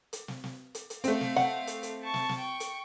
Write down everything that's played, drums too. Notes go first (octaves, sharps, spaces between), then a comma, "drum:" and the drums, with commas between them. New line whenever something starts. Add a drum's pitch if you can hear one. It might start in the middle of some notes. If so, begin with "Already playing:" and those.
drum: hi-hat
drum: snare
drum: snare
drum: hi-hat
drum: hi-hat
A3 C4 F5, drum: hi-hat
drum: snare
F#5, drum: snare
drum: hi-hat
drum: hi-hat
A5 C#6
drum: snare
drum: snare
G5 C#6
drum: hi-hat